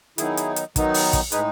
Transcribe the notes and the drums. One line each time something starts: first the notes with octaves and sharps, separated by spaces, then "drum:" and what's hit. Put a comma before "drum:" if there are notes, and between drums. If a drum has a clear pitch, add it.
D#3 F#3 B3 D#4 E4 G#4, drum: hi-hat
drum: hi-hat
drum: hi-hat
D#3 F#3 B3 D#4, drum: kick, hi-hat
drum: open hi-hat
drum: kick, hi-hat
A2 G#3 D#4 G#4 B4, drum: hi-hat